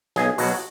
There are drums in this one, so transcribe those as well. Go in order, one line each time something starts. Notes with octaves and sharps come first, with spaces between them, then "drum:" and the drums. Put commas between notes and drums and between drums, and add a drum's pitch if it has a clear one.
B1 G#4, drum: snare
B2 F#3 F#4, drum: open hi-hat